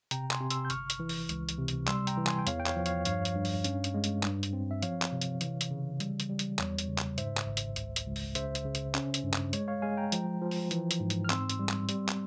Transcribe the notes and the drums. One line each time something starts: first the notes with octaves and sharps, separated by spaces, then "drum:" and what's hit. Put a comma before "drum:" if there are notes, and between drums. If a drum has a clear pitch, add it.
C3 G5 A#5, drum: hi-hat
G#5 C6, drum: clap
C3
C6 E6, drum: hi-hat
G6
G1 C#6 F6, drum: hi-hat
drum: hi-hat
E3
drum: open hi-hat
C#2, drum: hi-hat
drum: hi-hat
C3
drum: hi-hat
G3 C6 E6, drum: clap
G5 A#5, drum: hi-hat
E3
G#5 C6, drum: clap
G5
E2 C#5 F5, drum: hi-hat
G5
C#5 F5, drum: clap
F3
C#5 F5, drum: hi-hat
G2 C#5 F5, drum: hi-hat
drum: hi-hat
G2
drum: open hi-hat
C#4, drum: hi-hat
drum: hi-hat
G#3
drum: hi-hat
G2, drum: clap
drum: hi-hat
C4
E5
F3 C#5 F5, drum: hi-hat
drum: clap
C3
drum: hi-hat
E3, drum: hi-hat
drum: hi-hat
C#3
G3, drum: hi-hat
drum: hi-hat
G3
drum: hi-hat
E2 C#5, drum: clap
drum: hi-hat
C#3
drum: clap
G#2 C5 E5, drum: hi-hat
drum: clap
G#1
drum: hi-hat
C#2, drum: hi-hat
drum: hi-hat
C#2
drum: open hi-hat
C#3 C5 E5, drum: hi-hat
drum: hi-hat
C#3
drum: hi-hat
C#4, drum: clap
drum: hi-hat
G2
drum: clap
G#3 C#5, drum: hi-hat
C#5 F5
G#3 F5 G#5
G5 A#5
F3, drum: hi-hat
F3
drum: open hi-hat
E3, drum: hi-hat
drum: hi-hat
G#2
drum: hi-hat
F6
C4 C6 E6, drum: clap
drum: hi-hat
G3
drum: clap
G3, drum: hi-hat
drum: clap